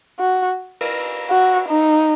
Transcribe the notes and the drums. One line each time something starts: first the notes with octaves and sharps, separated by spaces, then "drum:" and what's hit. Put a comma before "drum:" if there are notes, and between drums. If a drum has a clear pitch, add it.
F#4
drum: cymbal
F#4
D#4